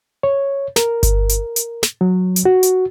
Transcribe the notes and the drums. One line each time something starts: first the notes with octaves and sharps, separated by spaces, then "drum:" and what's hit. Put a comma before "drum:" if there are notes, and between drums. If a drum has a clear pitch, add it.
C#5
A#4, drum: snare
drum: kick G1, hi-hat
drum: hi-hat
drum: hi-hat
drum: snare
F#3
drum: hi-hat
F#4
drum: hi-hat